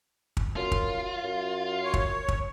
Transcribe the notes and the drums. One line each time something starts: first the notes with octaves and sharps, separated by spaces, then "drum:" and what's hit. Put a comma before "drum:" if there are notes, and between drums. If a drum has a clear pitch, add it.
drum: kick
F#2 F4
drum: kick
F#2
C#5
drum: kick
drum: kick